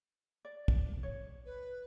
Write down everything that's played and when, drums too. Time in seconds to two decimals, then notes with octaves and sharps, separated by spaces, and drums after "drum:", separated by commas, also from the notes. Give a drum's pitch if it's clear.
0.45 D5
0.68 drum: kick
1.03 C#5
1.46 B4